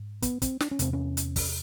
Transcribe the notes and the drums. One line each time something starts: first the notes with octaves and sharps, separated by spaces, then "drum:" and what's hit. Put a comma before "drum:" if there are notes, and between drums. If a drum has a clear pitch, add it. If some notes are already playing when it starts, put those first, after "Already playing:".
Already playing: G#2
B3, drum: kick, hi-hat
C4, drum: kick, hi-hat
D4, drum: snare
C#4
E2 C3 C4, drum: hi-hat
C#4
drum: hi-hat
drum: kick, open hi-hat